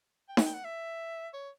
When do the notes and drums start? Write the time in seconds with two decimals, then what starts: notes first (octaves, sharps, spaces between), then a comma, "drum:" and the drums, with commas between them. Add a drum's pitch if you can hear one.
0.29 G5
0.37 F#5, drum: snare D#4
0.46 G5
0.54 F#5
0.64 E5
1.34 C#5